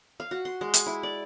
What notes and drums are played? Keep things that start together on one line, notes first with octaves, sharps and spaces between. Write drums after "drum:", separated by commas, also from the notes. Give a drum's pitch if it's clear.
F5
F#4
C6
G#3
G#5, drum: hi-hat
E4
D5